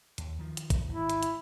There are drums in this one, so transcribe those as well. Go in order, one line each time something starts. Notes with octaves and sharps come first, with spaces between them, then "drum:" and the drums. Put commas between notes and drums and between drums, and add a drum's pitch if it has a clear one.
D#2, drum: hi-hat
D#3 F3
drum: hi-hat
drum: kick, hi-hat
G#1 E4
drum: hi-hat
drum: hi-hat